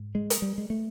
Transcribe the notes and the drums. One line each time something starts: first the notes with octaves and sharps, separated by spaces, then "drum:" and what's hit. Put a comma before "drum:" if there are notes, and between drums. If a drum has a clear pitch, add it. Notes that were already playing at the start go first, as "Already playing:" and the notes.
Already playing: G#2
G#3
drum: hi-hat
G3
G#3
A3